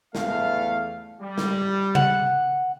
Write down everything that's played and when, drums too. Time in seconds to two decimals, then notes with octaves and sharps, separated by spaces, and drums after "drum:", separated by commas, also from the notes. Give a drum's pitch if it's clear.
0.15 E2 A3 F5, drum: snare
1.22 G3
1.38 drum: snare
1.95 F#5, drum: tom C3